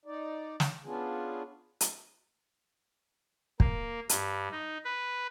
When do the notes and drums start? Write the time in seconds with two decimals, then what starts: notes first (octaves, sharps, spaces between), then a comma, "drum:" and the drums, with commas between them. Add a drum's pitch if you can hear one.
0.05 D#4 D5
0.60 drum: snare
0.85 B3 C#4 D4 F4 G#4
1.81 drum: hi-hat
3.60 A#3, drum: kick
4.09 G2, drum: hi-hat
4.52 D#4
4.85 B4